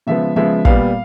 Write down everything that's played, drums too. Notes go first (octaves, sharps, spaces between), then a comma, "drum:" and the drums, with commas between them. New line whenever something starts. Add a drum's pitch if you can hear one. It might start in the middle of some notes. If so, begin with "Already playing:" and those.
C#3 F3 G#3 B3 E5
C#3 F3 G#3 B3 E5
A#2 G3 B3 F5, drum: kick